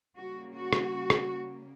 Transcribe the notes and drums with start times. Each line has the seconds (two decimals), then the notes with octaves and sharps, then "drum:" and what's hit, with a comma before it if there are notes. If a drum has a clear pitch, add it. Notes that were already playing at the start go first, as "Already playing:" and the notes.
0.16 C#3 G3 A#3 F#4
0.54 F#4
0.73 drum: rim click
1.10 drum: rim click